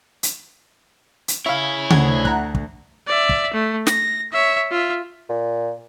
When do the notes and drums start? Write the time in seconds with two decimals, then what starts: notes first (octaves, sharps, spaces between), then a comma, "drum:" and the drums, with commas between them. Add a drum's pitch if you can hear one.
0.23 drum: hi-hat
1.28 drum: hi-hat
1.46 E4 G#4 C#5 E5 F5
1.90 D2 C#3 F#5 G#6, drum: tom C#3
2.25 F#5 A#5 F#6, drum: kick
2.55 drum: kick
3.07 D5 E5
3.29 drum: kick
3.53 A3
3.87 A#6, drum: snare
4.32 C#5 E5
4.71 F4 E5
5.29 A#2